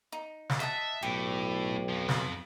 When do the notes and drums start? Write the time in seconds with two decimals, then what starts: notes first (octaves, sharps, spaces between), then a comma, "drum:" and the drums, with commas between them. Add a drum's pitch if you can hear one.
0.12 D#4
0.49 drum: snare
0.60 D#5 E5 F#5 A5
1.03 B1 A2 G4
1.89 F2 F3
2.09 drum: snare